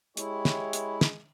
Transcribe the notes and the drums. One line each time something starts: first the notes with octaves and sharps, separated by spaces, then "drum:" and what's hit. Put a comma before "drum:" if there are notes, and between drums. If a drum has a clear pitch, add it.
G#3 E4 G4 C#5, drum: hi-hat
drum: snare
drum: hi-hat
drum: snare